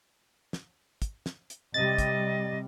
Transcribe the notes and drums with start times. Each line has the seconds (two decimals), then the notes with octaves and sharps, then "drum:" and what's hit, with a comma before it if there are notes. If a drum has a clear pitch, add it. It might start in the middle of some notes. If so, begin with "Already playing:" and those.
0.53 drum: snare
1.02 drum: kick, hi-hat
1.26 drum: snare
1.50 drum: hi-hat
1.74 C3 G3 D#5 A6
1.98 drum: kick, hi-hat